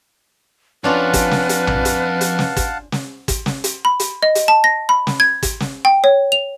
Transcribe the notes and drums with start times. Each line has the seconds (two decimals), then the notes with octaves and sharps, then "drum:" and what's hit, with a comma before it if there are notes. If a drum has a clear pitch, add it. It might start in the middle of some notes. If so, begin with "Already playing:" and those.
0.84 F2 C#4 D4 F4 B4 F5 F#5 A5
1.13 drum: kick, hi-hat
1.31 drum: snare
1.49 drum: hi-hat
1.67 drum: tom A#1
1.85 drum: hi-hat
2.21 drum: hi-hat
2.39 drum: snare
2.57 drum: kick, hi-hat
2.92 drum: snare
3.28 drum: kick, hi-hat
3.46 drum: snare
3.64 drum: hi-hat
3.85 B5
4.00 drum: hi-hat
4.23 D#5
4.35 drum: hi-hat
4.48 A5
4.64 A#6
4.89 B5
5.07 drum: snare
5.20 G#6
5.43 drum: kick, hi-hat
5.60 drum: snare
5.85 G5
6.04 C#5
6.32 F7